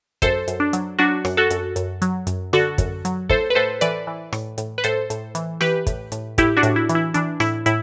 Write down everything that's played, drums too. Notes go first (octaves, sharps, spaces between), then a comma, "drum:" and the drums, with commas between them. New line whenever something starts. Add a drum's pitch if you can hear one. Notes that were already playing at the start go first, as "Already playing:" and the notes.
F#2 A4 C5, drum: kick, hi-hat
F#2, drum: hi-hat
D4
F#3, drum: hi-hat
F#3 D4 F#4
F#2, drum: rim click
F#4 A4
F#2, drum: hi-hat
F#2, drum: hi-hat
F#3, drum: hi-hat
F#2, drum: hi-hat
D3 F#4 A4, drum: rim click
F#2, drum: kick, hi-hat
F#3, drum: hi-hat
A2 A4 C5, drum: kick
B4
A2 A4 C5
E3 B4 D5, drum: hi-hat
E3
A2, drum: rim click
A2, drum: hi-hat
B4
A2 A4 C5, drum: hi-hat
A2, drum: hi-hat
E3, drum: hi-hat
E3 G4 B4, drum: rim click
A2, drum: kick, hi-hat
A2, drum: hi-hat
A2 E4 G4, drum: kick, hi-hat
D4 F#4
A2, drum: hi-hat
E4
E3, drum: hi-hat
E4
E3 D4, drum: hi-hat
A2 E4, drum: rim click
A2 E4, drum: hi-hat